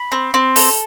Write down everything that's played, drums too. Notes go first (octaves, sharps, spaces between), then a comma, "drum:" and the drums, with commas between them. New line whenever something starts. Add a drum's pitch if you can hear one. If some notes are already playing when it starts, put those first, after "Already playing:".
Already playing: B5
C4
C4
A4, drum: open hi-hat